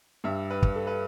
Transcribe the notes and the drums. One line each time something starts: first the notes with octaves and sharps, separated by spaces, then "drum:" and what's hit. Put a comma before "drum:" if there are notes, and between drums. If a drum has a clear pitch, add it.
G2 G3 E5
B4
drum: kick
A4
B4